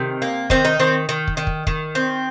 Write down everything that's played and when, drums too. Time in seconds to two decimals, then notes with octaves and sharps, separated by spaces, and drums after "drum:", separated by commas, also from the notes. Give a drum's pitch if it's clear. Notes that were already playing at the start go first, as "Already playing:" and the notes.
Already playing: C3 D#3
0.22 A#3
0.50 D#3 C4, drum: kick
0.65 D#4
0.80 D#3 C4
1.09 D#3
1.28 drum: kick
1.37 D#3
1.47 drum: kick
1.67 D#3, drum: kick
1.95 C4